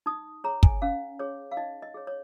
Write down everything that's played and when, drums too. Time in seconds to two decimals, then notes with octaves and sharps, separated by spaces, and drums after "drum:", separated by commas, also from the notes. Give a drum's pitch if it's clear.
0.06 D#4 D#6
0.44 G#4 C#5 A#5
0.63 G#5, drum: kick
0.82 C#4 F5
1.19 G#4 C#5
1.51 F5
1.57 D#4 D#5
1.82 D#5
1.94 G#4 C#5
2.07 C#5